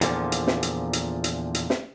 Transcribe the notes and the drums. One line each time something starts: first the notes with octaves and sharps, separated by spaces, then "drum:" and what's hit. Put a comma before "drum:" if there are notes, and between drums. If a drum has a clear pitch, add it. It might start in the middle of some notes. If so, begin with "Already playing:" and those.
E2 A#2 D3 E3 F3, drum: hi-hat
drum: hi-hat
drum: snare
drum: hi-hat
drum: hi-hat
drum: hi-hat
drum: hi-hat
drum: snare